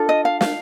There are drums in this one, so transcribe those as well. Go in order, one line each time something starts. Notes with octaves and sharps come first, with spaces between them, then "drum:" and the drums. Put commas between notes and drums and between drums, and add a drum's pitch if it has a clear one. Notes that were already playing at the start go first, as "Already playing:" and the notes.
Already playing: D4 F4 A4
D#5
F5
F5, drum: snare